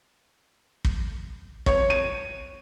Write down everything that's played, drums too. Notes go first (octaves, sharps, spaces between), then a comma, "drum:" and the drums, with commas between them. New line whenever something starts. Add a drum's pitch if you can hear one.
drum: kick
C#5, drum: kick
D#7